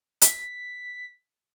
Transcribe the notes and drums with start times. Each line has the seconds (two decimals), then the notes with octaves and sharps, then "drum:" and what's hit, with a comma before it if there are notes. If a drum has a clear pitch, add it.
0.22 B6, drum: hi-hat